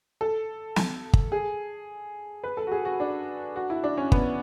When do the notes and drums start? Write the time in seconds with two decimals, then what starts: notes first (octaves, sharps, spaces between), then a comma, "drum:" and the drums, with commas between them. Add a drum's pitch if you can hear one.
0.21 A4
0.76 drum: snare
1.13 drum: kick
1.32 G#4
2.44 B4
2.57 A4
2.67 F#4
2.72 G#4
2.85 F#4
3.00 D4
3.56 F#4
3.70 E4
3.84 D4
3.97 C#4
4.12 B3, drum: kick